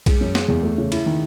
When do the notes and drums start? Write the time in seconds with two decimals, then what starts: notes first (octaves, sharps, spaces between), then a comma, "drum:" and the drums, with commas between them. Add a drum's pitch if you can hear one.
0.06 G#3, drum: kick A#1, cymbal
0.21 F#2
0.35 G#3, drum: snare
0.48 E2
0.63 A3
0.78 C#3
0.92 E4, drum: cymbal
1.06 D#3